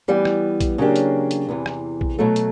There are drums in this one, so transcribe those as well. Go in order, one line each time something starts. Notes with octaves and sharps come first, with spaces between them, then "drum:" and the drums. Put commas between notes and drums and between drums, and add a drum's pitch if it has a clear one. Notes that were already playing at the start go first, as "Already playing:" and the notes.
E3 G3 B3
drum: rim click
drum: kick A#1, hi-hat
C#3 F#3 A#3 D4 G4
drum: hi-hat
drum: hi-hat
E2 C3 E3
drum: rim click
drum: kick A#1
B2 F#3 A3
drum: hi-hat